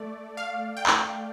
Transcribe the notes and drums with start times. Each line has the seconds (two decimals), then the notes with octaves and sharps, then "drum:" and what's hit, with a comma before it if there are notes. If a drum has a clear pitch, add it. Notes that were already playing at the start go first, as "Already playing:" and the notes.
Already playing: A3 D5
0.37 F5
0.77 G5
0.87 drum: clap